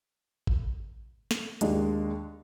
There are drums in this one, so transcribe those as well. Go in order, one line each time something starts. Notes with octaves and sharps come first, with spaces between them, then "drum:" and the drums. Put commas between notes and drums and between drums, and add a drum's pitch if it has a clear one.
drum: kick A1
drum: snare
D#2 G#3 D4, drum: hi-hat